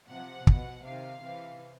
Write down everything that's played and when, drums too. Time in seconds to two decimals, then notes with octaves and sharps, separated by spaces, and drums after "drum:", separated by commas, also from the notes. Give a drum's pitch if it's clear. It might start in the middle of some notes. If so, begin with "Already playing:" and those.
0.09 C3 F3 F#5
0.47 B2, drum: kick
0.84 C3 D#3 F5
1.22 C3 E3